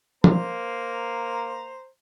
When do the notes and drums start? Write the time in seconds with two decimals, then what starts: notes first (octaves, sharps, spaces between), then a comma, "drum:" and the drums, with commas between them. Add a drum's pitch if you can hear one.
0.24 A#3 C5 A#5, drum: tom